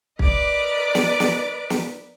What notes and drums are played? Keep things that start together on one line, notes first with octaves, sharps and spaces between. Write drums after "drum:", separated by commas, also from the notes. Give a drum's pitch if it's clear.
A#4 B4 D5 D#5 D6, drum: kick
drum: snare
drum: snare
drum: snare